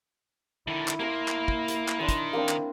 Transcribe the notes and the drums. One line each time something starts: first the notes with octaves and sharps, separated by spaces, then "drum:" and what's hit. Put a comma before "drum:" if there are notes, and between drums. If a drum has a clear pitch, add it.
D3 D#3 E4
drum: clap
A#3 A#4 G#5 B5 C6
drum: clap
drum: kick
drum: hi-hat
drum: clap
D#3 D4 C6 D#6
drum: kick, hi-hat
A#3 C4 D4
drum: clap